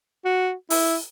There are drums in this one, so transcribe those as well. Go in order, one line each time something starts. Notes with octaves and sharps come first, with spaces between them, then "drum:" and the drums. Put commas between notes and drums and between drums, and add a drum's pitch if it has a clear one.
F#4
E4, drum: open hi-hat